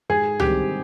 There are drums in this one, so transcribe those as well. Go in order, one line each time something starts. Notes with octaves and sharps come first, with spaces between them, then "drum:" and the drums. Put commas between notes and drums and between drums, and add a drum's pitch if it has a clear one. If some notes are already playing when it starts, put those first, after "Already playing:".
G#2 G#4
D#3 G3 C4 G4, drum: tom